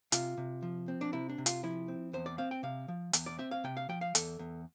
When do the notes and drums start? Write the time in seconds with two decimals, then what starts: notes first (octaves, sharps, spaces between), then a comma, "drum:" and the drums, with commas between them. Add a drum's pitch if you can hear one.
0.12 C3 F4, drum: hi-hat
0.37 C3
0.62 F3
0.88 C4
1.01 D4
1.13 C3 E4
1.30 D4
1.38 C3
1.46 F4, drum: hi-hat
1.63 F3 E4
1.88 C4
2.13 E2 C5
2.26 D5
2.38 C4 F5
2.51 G5
2.63 C3 F5
2.88 F3
3.13 E2, drum: hi-hat
3.26 D5
3.39 C4 E5
3.51 F5
3.64 C3 G5
3.77 F5
3.89 F3 G5
4.01 F5
4.15 E2 A4, drum: hi-hat
4.39 E2